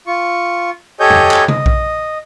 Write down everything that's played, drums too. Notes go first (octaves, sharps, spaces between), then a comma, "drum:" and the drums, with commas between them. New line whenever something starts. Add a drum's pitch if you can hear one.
F4 C#6
G4 A4 C#5 D#5 G#5 G6
drum: tom E2
drum: clap
D#5, drum: tom C3
drum: kick A#1